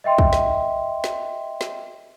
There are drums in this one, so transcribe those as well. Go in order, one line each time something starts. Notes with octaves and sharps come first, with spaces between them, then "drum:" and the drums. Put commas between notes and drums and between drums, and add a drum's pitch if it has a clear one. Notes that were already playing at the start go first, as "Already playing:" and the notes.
D#5 E5 G5 C6
drum: kick
drum: snare
drum: snare
drum: snare